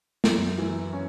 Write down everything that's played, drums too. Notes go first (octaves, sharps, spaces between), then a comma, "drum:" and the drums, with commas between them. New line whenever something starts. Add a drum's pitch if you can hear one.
F#2, drum: snare
E3
C#4